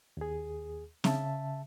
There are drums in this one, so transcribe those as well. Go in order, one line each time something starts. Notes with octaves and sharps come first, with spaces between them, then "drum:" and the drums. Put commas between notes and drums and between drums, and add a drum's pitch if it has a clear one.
D#2 G#4
C#3 E5 A5, drum: snare C4